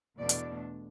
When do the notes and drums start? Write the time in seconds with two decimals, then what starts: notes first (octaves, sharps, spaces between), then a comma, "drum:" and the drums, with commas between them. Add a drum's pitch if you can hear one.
0.18 E2 B2 A3 D4 D5
0.29 drum: hi-hat